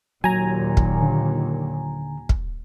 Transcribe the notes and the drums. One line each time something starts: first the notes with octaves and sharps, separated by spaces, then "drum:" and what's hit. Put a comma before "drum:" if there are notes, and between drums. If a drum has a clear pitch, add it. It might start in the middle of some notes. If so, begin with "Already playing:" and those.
D#2 A#2 F#3 G#5 A#5
drum: kick
D3
drum: kick